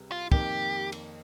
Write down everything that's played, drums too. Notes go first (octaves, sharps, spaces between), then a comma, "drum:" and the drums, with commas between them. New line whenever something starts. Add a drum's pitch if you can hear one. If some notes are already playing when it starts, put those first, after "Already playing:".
Already playing: C#2 C3 G3
F4
F2 D#3 A#3 G4, drum: kick
drum: cymbal